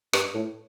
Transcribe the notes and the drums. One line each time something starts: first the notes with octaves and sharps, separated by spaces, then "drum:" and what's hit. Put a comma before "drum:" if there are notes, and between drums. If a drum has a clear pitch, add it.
G2, drum: rim click
A2